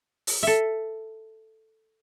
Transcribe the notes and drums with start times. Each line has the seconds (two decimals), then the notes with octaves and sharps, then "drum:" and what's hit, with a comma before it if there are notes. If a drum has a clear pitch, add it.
0.27 drum: open hi-hat
0.43 A4 E5